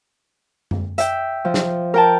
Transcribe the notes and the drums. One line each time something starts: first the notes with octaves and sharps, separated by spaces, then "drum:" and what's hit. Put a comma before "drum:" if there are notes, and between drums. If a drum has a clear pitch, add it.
drum: tom F#2
E5 G5, drum: hi-hat
F3
drum: snare
A#4 G5 A5